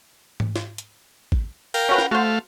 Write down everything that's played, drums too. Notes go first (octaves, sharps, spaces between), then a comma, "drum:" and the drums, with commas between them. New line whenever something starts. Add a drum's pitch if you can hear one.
drum: tom G#2
drum: snare
drum: hi-hat
drum: kick A1
A#4 F5 G5, drum: open hi-hat
C#4 F#4 B4
drum: snare
A3 F#4 C5 F5